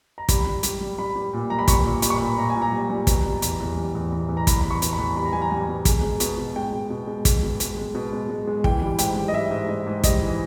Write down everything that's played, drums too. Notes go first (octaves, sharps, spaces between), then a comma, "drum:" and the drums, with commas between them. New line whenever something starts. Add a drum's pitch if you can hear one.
A#5
G3 B5, drum: kick, hi-hat
G3
G3, drum: hi-hat
G3
G3 B5
G3
A#2
G3 A#5
B5
G3 C#6, drum: kick, hi-hat
A#2
G3 B5, drum: hi-hat
C#6
A#2 B5
A#2 A#5
G#5
A#2
A#5
G3
G3
B2, drum: kick, hi-hat
G3
E2, drum: hi-hat
E2
G3
E2
E2
E2
A#5
E2 B5, drum: kick, hi-hat
E2 B5
C#6
B2, drum: hi-hat
B5
E2
G3 B5
A#5
G3 G#5
A#5
G3 G#5
B2
G#3, drum: kick, hi-hat
G#3
B2, drum: hi-hat
B2
G#3 G5
B2
B2
G#3
G#3, drum: kick, hi-hat
B2
G#3, drum: hi-hat
G#3
B2
G#3
G#3
G#3
E3 G5, drum: kick
G3
G#2 G5, drum: hi-hat
G3
D#5
G3 E5
G#2
G#2 D#5
G#2
G3 D#5, drum: kick, hi-hat
E3